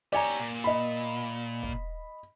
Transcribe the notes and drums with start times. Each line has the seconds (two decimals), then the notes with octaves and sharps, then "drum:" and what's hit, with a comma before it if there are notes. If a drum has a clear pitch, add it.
0.13 G4 C#5 D5 G#5 A#5
0.40 A#2
0.64 D#5 B5
1.63 drum: kick